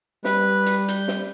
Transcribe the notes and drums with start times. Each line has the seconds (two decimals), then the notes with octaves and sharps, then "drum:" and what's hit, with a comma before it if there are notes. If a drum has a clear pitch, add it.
0.24 G3 B4, drum: snare
0.66 drum: hi-hat
0.88 G6, drum: hi-hat
1.08 drum: snare